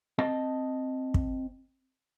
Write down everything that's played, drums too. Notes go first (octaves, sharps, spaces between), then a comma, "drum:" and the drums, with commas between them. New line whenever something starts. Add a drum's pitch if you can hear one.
C4 D#5 A5
drum: kick